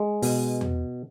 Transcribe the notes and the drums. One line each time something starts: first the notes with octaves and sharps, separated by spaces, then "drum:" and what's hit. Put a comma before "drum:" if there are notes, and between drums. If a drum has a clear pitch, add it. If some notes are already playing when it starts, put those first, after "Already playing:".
Already playing: G#3
B2, drum: open hi-hat
drum: tom E2